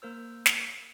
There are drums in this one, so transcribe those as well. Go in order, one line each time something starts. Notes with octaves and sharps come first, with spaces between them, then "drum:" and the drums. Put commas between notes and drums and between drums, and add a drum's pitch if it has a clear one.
A#3 A#4 C5 E6
drum: snare